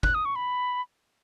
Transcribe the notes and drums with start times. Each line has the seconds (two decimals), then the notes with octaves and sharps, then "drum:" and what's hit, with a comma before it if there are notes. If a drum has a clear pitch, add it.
0.03 F#6, drum: kick
0.14 D#6
0.25 C#6
0.36 B5